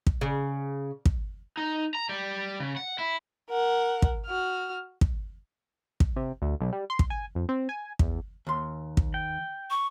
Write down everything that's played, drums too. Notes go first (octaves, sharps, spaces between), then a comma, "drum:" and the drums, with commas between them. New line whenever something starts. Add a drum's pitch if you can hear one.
drum: kick
C#3
drum: kick
D#4
A#5
G3
C#3
F#5
E4
A#4 F#5
drum: kick
F#4 F6
drum: kick
drum: kick
C3
D2
B1
G3
C6
drum: kick
G#5
F2
C4
G#5
E2, drum: kick
D#2 C6
drum: kick
G5
C#6